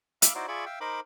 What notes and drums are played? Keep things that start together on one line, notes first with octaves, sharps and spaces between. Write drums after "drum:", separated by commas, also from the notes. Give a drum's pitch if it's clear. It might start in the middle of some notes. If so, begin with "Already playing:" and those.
E5 F5 B5 D6 E6 F6, drum: hi-hat
D#4 E4 F#4 C5 D5
F4 G#4 D5 E5 B5 C#6
E5 F5 G5
D#4 A#4 C5 B5 D6